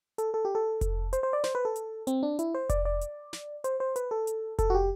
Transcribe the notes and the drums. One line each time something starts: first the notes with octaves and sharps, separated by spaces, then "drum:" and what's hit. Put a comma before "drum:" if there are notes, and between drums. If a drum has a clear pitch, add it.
A4, drum: hi-hat
A4
G4
A4
drum: kick F1, hi-hat
C5, drum: hi-hat
C5
D5
C5, drum: snare
B4
A4
drum: hi-hat
C4, drum: hi-hat
D4
E4, drum: hi-hat
C5
D5, drum: kick F1, hi-hat
D5
drum: hi-hat
drum: snare
C5, drum: hi-hat
C5
B4, drum: hi-hat
A4
drum: hi-hat
A4, drum: kick F1, hi-hat
F#4
G4